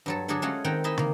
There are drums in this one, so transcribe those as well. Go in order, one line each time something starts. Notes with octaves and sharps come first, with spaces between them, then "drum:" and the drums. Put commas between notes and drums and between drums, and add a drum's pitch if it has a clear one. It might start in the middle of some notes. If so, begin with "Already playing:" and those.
G2 F#3 A4
D3 F#3 D4 G#4 A4
G#3 A3 C#4 F4 F#4 G#4
D#3 C4 F#5 G5 A#5
D#4 E4 G#4 D#5 E5
D#3 A#3, drum: tom